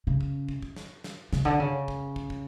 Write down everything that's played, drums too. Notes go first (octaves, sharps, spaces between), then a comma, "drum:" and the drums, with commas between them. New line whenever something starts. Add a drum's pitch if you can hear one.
C#3
drum: kick
drum: kick
drum: kick
drum: snare
drum: snare
C#3, drum: snare
D3, drum: kick
C#3
drum: kick
drum: kick
drum: kick